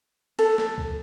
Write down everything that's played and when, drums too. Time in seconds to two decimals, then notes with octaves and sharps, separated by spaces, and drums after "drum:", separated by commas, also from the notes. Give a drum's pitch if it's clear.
0.39 A4, drum: cymbal
0.58 drum: snare
0.78 drum: kick C#2